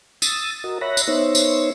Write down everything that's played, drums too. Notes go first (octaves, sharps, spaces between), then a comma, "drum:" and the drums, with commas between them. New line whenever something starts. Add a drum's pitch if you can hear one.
D#6 E6 A6, drum: tambourine
F#4 A#4 D#5
C#5 E5 B5 F#6 A#6
drum: tambourine
B3 D#4 C5 C#5 E5
drum: tambourine